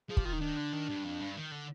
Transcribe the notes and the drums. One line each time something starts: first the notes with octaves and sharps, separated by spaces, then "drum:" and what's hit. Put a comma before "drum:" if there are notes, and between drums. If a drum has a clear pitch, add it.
F3 G#4
G4, drum: kick
D#3 F4
D#4
D#3 D4
D3
D#3
G2
F2
G2
D#3
D3